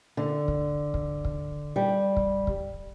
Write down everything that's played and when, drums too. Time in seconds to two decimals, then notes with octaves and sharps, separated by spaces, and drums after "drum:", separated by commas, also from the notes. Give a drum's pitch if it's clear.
0.17 D3
0.48 drum: kick
0.94 drum: kick
1.25 drum: kick
1.76 G3
2.17 drum: kick
2.47 drum: kick